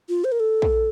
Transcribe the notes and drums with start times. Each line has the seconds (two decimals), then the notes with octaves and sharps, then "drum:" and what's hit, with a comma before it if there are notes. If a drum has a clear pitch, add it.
0.09 F4
0.24 C5
0.32 A#4
0.40 A4
0.62 drum: kick